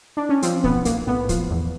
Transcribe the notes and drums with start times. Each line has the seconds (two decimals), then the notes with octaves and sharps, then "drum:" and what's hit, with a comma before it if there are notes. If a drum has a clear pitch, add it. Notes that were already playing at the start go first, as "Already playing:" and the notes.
0.17 D4
0.29 C#4
0.42 F3 C4, drum: hi-hat
0.64 B1 B3, drum: kick
0.85 B1 A#3, drum: hi-hat
1.07 A2 B3
1.29 F3, drum: kick, hi-hat
1.50 E2